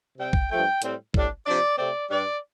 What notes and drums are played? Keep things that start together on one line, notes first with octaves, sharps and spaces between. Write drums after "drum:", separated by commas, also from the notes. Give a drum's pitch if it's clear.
C3 G3 C4 G5
drum: kick
G2 F3 A3 G5
A2 G3 C4, drum: hi-hat
A2 G3 D4, drum: kick
C3 F3 D4 D5
C3 A3 C4 D5
G2 G3 D4 D5